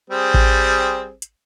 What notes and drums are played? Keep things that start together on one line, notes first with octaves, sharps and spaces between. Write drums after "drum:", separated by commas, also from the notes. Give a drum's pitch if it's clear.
G3 C4 G#4
drum: kick A1
drum: hi-hat